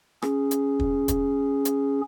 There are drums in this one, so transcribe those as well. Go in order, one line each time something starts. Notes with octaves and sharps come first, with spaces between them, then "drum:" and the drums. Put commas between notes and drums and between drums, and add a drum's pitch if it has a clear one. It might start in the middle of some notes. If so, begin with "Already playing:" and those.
C#4 G#4, drum: rim click
drum: hi-hat
drum: kick
drum: kick, hi-hat
drum: hi-hat